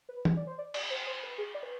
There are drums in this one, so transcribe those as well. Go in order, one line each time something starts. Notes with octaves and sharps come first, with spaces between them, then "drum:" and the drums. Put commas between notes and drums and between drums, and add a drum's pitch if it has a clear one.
B4
G#4, drum: tom
D5
C5
D5
D5, drum: cymbal
C5
C5
B4
G#4
D5
B4